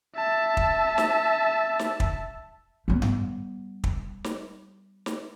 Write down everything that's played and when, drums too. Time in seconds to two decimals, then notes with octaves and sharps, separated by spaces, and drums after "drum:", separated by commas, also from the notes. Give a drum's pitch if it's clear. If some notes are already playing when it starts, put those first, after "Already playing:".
0.16 E5 A5
0.57 drum: kick
0.98 drum: snare
1.79 drum: snare
2.00 drum: kick
2.88 G3 B3
3.02 drum: tom G2
3.84 drum: kick
4.24 drum: snare
5.06 drum: snare